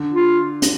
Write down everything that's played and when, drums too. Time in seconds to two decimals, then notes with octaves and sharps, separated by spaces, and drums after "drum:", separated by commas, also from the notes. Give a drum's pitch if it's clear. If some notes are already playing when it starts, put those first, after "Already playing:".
Already playing: D3
0.13 F4
0.62 drum: hi-hat